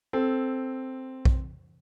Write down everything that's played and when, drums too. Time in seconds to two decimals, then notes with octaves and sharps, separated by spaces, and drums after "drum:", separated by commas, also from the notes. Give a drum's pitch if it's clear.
0.13 C4 A4
1.25 drum: kick A#1